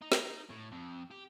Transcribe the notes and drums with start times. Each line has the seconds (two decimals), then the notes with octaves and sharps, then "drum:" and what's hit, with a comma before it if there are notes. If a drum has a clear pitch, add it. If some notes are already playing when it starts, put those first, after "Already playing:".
0.02 D#4
0.12 drum: snare
0.50 A2
0.72 F2
1.11 G4